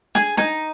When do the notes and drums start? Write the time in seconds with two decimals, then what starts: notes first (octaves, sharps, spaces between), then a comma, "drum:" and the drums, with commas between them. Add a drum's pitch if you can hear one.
0.15 G#4 G#5, drum: snare
0.37 D#4 G#5, drum: snare